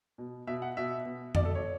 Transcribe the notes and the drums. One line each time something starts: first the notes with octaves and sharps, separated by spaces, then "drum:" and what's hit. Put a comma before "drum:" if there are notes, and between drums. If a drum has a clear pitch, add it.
B2
B2 E5
F#5
B2 E5
B2
B2 D5, drum: tom F2
A4
C#5